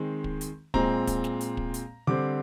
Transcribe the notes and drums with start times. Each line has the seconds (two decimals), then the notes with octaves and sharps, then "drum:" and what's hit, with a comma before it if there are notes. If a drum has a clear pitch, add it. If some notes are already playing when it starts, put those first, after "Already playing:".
Already playing: D#3 G#3 C4
0.24 drum: kick
0.41 drum: hi-hat
0.74 A#2 G#3 C4 A#5, drum: kick
1.07 drum: kick, hi-hat
1.24 drum: snare
1.41 drum: hi-hat
1.57 drum: kick
1.74 drum: hi-hat
2.07 D3 G3 C4 D6